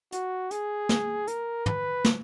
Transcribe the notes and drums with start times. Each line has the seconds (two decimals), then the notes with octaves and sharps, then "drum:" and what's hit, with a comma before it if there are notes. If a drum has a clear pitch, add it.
0.12 F#4, drum: hi-hat
0.51 G#4, drum: hi-hat
0.89 drum: snare
1.27 A#4, drum: hi-hat
1.66 B4, drum: tom
2.05 drum: snare